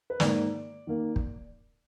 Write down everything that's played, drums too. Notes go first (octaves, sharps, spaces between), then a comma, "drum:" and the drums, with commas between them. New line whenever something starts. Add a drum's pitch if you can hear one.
B4
G#2 D#3 A#3 D5, drum: snare
D#3 A#3
drum: kick